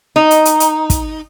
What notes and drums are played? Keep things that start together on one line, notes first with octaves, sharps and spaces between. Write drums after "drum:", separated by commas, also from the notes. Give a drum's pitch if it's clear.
D#4
drum: hi-hat
drum: hi-hat
drum: hi-hat
drum: kick, hi-hat